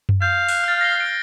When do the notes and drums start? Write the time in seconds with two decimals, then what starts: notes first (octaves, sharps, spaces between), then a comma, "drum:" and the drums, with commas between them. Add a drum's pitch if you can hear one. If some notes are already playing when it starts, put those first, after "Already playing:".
0.09 drum: tom F#2
0.22 F5 G6
0.49 F#6, drum: open hi-hat
0.64 F6 A6
0.81 A#6 C7 G7
1.00 D7